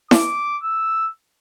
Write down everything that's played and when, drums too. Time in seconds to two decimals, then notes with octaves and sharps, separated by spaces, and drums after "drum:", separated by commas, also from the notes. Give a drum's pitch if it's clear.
0.11 D6, drum: snare E4
0.63 E6